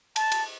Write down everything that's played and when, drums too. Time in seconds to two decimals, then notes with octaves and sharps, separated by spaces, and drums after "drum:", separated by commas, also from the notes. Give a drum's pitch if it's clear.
0.16 A5, drum: cymbal
0.32 drum: cymbal